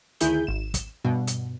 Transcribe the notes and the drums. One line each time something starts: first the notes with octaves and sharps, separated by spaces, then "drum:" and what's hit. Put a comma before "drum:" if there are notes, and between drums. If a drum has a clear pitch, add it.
D2 D#3 E4 G#4 G6, drum: hi-hat
G#1 E7
drum: kick, hi-hat
G2 B2
drum: hi-hat